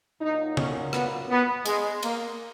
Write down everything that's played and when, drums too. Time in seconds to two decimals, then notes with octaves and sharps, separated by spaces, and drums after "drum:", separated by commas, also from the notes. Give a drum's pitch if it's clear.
0.21 A#2 F#3 D#4
0.57 C#4, drum: tom C#3
0.93 B3, drum: rim click
1.29 B3
1.66 G#3, drum: hi-hat
2.03 A#3, drum: cymbal